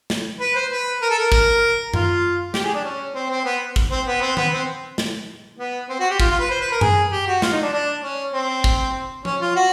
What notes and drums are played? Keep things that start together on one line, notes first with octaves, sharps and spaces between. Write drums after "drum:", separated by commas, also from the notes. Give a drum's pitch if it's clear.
drum: snare
B4
C5
B4
A#4
A4
A#4
A#4, drum: kick
F4, drum: tom F#2
G4, drum: snare
G#4
D4
C#4
C4
C4
B3
drum: kick
C4
B3
C4
B3, drum: tom D#3
C4
drum: snare
B3
C4
F#4
G4
F4, drum: kick
F4
B4
C5
B4
A#4
G#4, drum: tom F#2
G4
F#4
F4, drum: snare
D#4
D4
D4
C#4
C4
drum: kick
C#4, drum: tom F3
F4
F#4